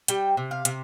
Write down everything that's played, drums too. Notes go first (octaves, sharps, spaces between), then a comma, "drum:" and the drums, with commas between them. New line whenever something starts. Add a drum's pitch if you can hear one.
G3 G5, drum: hi-hat
C3
F5
C3, drum: hi-hat